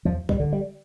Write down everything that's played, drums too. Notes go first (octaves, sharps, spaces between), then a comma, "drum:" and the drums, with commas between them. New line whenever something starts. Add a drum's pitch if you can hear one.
E2 F3
G3, drum: kick
D3
G3